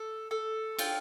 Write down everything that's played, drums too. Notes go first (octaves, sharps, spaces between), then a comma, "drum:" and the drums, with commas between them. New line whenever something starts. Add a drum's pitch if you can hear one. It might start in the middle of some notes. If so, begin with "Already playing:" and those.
Already playing: A4
A4
F4 G5, drum: cymbal